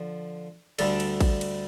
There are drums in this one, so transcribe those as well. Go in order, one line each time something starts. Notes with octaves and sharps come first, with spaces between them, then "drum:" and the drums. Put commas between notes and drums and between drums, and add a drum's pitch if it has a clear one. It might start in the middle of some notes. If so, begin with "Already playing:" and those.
Already playing: D3 F3
D2 D3 G3 D4 A4, drum: cymbal
drum: cymbal
drum: kick, cymbal
drum: cymbal